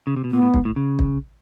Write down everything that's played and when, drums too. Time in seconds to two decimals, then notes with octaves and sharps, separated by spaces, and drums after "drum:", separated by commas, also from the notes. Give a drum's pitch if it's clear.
0.07 C#3
0.16 C3
0.24 B2
0.31 A#2 B3
0.42 A2
0.54 G#2, drum: kick
0.65 A2
0.76 C#3
0.99 drum: kick